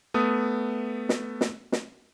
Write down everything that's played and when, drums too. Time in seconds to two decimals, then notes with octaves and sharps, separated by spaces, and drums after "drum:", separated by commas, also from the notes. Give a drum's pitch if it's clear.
0.14 A3 B3 D#6
1.09 drum: snare
1.41 drum: snare
1.72 drum: snare